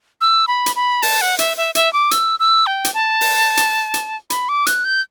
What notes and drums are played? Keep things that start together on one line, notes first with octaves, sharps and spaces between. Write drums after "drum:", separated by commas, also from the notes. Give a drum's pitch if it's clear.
E6
B5
drum: hi-hat
B5
A5, drum: open hi-hat
F#5
E5, drum: hi-hat
E5
E5, drum: hi-hat
D6
E6, drum: hi-hat
E6
G5
drum: hi-hat
A5
drum: open hi-hat
drum: hi-hat
drum: hi-hat
B5, drum: hi-hat
D6
F#6, drum: hi-hat
G6